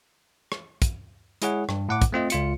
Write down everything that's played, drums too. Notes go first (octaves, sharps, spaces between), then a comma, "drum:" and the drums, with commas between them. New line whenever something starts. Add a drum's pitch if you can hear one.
drum: rim click
drum: kick, hi-hat
G#3 E4 G#4 C#5 F#5, drum: hi-hat
G2, drum: rim click
A2 F#5 D6
drum: kick, hi-hat
A3 C4 F4 D#5
C#2 F4 C#7, drum: hi-hat